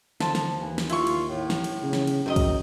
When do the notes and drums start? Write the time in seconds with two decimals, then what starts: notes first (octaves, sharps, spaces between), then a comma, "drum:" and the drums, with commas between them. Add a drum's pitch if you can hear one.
0.20 D3 F3 A5, drum: snare
0.35 drum: snare
0.58 D#2 E3
0.78 drum: snare
0.90 E4 F4 C#6, drum: cymbal
1.07 drum: cymbal
1.28 A2
1.50 drum: snare
1.64 drum: cymbal
1.83 C#3
1.93 drum: snare
2.07 drum: cymbal
2.26 F#2 C3 D#3 D#5
2.36 drum: kick, cymbal